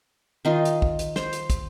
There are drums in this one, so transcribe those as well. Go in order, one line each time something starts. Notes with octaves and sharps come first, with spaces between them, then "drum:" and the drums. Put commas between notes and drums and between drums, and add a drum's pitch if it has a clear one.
D#3 D#4 F4 D#5
drum: hi-hat
drum: kick
drum: hi-hat
C5, drum: snare
drum: hi-hat
drum: kick, hi-hat